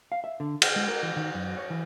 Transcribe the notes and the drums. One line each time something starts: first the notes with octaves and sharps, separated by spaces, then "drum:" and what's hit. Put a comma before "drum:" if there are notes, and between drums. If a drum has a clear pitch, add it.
F5
E5
D3
G#4, drum: cymbal
G#3
A#4
E3
D#3
F#2
C#5
E3